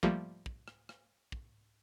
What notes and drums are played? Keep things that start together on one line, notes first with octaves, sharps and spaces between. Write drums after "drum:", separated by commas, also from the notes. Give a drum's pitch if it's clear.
F3 G3 A3 A#3, drum: kick
drum: kick
drum: rim click
drum: rim click
drum: kick